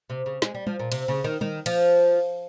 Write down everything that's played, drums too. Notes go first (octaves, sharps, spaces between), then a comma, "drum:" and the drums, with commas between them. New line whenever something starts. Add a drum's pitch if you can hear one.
C3
C#3
G#3, drum: snare
G3
F3, drum: tom G3
A#2
C3, drum: cymbal
C#3
D#3
D#3, drum: tom G3
F3, drum: cymbal